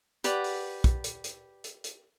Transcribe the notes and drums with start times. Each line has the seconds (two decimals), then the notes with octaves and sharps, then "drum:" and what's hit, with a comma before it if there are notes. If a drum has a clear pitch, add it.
0.24 G4 B4 D5 F#5, drum: hi-hat
0.44 drum: open hi-hat
0.84 drum: kick, hi-hat
1.04 drum: hi-hat
1.24 drum: hi-hat
1.64 drum: hi-hat
1.84 drum: hi-hat